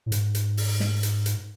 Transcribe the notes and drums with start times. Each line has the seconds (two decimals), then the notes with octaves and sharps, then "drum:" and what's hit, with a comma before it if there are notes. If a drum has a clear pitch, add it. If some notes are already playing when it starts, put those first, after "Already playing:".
0.06 A2
0.12 G#2, drum: hi-hat
0.35 drum: hi-hat
0.57 drum: open hi-hat
0.80 drum: snare
1.03 drum: hi-hat
1.26 drum: hi-hat